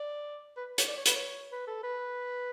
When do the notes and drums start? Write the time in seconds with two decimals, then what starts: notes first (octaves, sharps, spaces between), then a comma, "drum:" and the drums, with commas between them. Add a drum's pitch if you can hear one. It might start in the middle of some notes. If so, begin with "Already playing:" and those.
Already playing: D5
0.57 B4
0.78 C#5, drum: hi-hat
0.88 D5
0.97 C#5
1.06 B4, drum: hi-hat
1.15 C#5
1.52 B4
1.67 A4
1.83 B4